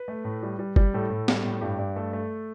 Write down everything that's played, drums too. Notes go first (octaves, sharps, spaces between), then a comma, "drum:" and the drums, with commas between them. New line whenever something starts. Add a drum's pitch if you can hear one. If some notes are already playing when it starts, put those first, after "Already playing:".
Already playing: B4
A3
A2
G3
G3
G3, drum: kick G1
A2 A4
A2
G3, drum: snare B3
A2
G2 G4
G2
A3 A4
A3